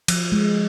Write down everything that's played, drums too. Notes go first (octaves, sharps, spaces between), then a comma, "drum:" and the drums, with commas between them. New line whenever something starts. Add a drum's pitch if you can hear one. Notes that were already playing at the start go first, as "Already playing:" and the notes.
F3, drum: cymbal
G#3